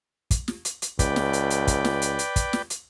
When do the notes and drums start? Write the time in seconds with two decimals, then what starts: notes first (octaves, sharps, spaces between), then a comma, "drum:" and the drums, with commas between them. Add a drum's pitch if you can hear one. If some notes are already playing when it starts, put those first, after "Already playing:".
0.31 drum: kick, hi-hat
0.48 drum: snare
0.65 drum: hi-hat
0.82 drum: hi-hat
0.99 C#2 B4 D5 G5, drum: kick, hi-hat
1.16 drum: snare
1.33 drum: hi-hat
1.50 drum: hi-hat
1.67 drum: kick, hi-hat
1.85 drum: snare
2.02 drum: hi-hat
2.19 drum: hi-hat
2.36 drum: kick, hi-hat
2.53 drum: snare
2.70 drum: hi-hat